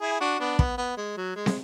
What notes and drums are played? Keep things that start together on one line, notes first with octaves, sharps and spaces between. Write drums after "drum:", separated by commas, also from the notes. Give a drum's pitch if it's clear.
E4 G#4
D4 F#4
B3 D4
B3, drum: kick
B3
G#3
F#3
G#3
drum: snare